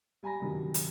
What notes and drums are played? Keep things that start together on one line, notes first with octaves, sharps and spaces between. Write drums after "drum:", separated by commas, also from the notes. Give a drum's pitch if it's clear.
G3 G#5 A#5 B5 A#6
G2 C3 D#3 F#3 G3
drum: hi-hat